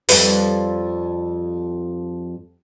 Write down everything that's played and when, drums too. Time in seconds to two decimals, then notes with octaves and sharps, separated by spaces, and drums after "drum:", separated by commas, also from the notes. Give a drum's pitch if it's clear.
0.09 F2 G3 B4, drum: open hi-hat